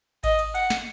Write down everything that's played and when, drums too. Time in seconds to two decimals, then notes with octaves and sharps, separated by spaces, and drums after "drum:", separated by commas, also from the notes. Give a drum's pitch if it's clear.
0.24 D#5, drum: kick A1, cymbal
0.39 drum: cymbal
0.55 F#5, drum: cymbal
0.70 drum: snare